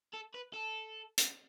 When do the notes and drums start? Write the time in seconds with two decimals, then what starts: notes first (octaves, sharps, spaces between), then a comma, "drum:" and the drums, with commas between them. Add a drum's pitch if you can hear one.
0.13 A4
0.34 B4
0.53 A4
1.18 drum: hi-hat